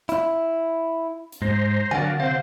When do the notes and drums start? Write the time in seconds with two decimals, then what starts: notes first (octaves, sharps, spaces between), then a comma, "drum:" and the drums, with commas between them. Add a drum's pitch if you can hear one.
0.09 E4, drum: hi-hat
1.32 drum: hi-hat
1.42 G#2 C5 A#5
1.91 F#3 D4 A#4 F5 F#5 G#5, drum: tom D3
2.20 C3 C4 C5 F5 F#5